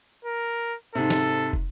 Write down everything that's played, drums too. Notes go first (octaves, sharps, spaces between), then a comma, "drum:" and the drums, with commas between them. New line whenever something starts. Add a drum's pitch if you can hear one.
A#4
G#2 C3 A4
drum: snare
drum: kick